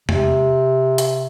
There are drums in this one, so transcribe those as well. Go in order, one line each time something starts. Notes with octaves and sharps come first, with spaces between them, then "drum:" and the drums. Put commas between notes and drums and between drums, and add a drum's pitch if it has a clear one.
C3, drum: tom E2
drum: hi-hat